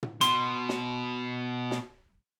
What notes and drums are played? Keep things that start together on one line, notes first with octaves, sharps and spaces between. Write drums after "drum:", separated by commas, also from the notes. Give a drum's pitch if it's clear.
drum: tom
B2 C6, drum: hi-hat
drum: snare
drum: snare